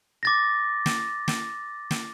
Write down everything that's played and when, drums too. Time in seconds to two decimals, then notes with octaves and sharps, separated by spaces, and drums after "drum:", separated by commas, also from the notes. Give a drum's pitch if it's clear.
0.23 D6 A6 A#6
0.86 drum: snare
1.28 drum: snare
1.91 drum: snare